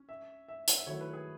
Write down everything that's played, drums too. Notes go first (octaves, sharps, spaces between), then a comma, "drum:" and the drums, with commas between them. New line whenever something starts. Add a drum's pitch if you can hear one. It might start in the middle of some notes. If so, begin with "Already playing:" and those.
Already playing: C#4
E5
E5
F#5, drum: hi-hat
E5
D#3 F#3 A3 E4 C#5
B4
G#4